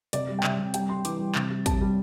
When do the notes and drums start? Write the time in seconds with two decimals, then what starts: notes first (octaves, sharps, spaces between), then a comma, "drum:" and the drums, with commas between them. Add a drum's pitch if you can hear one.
0.13 C3 D5, drum: hi-hat
0.28 G3
0.39 G5
0.43 C3 E5, drum: clap
0.59 C3
0.74 G3 G5, drum: hi-hat
0.89 G3 C6
1.05 E3 D6, drum: hi-hat
1.20 G3
1.35 C3 A6, drum: clap
1.50 G3
1.66 C3 A5, drum: kick, hi-hat
1.81 G3